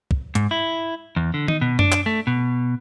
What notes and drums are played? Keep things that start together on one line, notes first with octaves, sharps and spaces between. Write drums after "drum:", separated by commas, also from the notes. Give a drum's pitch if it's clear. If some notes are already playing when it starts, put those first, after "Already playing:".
drum: kick
G#2, drum: hi-hat
E4
E2
D3
D#4, drum: tom D#3
B2
D4, drum: tom F#2
drum: clap
A3
B2